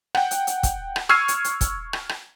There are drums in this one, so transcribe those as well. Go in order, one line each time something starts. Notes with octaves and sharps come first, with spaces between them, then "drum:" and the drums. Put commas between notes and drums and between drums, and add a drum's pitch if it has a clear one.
F#5 G5, drum: rim click
drum: hi-hat
drum: hi-hat
drum: kick, hi-hat
drum: rim click
C#6 E6 F6 G#6 C7 D#7, drum: rim click
drum: hi-hat
drum: hi-hat
drum: kick, hi-hat
drum: rim click
drum: rim click